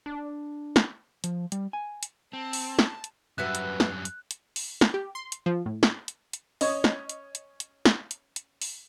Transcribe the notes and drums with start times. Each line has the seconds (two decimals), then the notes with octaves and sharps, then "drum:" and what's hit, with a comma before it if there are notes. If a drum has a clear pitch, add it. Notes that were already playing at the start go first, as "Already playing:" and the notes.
0.06 D4
0.76 drum: snare
1.24 F3, drum: hi-hat
1.52 G3, drum: hi-hat
1.73 G#5
2.03 drum: hi-hat
2.33 C4 A5
2.53 drum: open hi-hat
2.79 drum: snare
3.04 drum: hi-hat
3.38 F#2 G3 F#4 B4 E5 F#6
3.55 drum: hi-hat
3.80 drum: snare
4.05 drum: hi-hat
4.31 drum: hi-hat
4.56 drum: open hi-hat
4.81 drum: snare
4.94 G4
5.15 C6
5.32 drum: hi-hat
5.46 F3
5.66 A2
5.83 drum: snare
6.08 drum: hi-hat
6.33 drum: hi-hat
6.61 C#4 C#5 D#5, drum: open hi-hat
6.84 drum: snare
7.09 drum: hi-hat
7.35 drum: hi-hat
7.60 drum: hi-hat
7.85 drum: snare
8.11 drum: hi-hat
8.36 drum: hi-hat
8.62 drum: open hi-hat